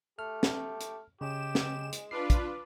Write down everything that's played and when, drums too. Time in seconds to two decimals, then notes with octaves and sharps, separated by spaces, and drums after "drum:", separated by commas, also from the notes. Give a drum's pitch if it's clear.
0.19 A3 G4 F6
0.43 drum: snare
0.80 drum: hi-hat
1.21 C#3 G#3 C#4 G4 E7
1.55 drum: snare
1.92 drum: hi-hat
2.11 D4 F4 B4 D6 C7
2.30 drum: kick, hi-hat